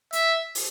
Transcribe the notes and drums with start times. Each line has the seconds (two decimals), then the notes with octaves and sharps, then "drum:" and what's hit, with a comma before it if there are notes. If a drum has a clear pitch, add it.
0.13 E5, drum: hi-hat
0.55 drum: open hi-hat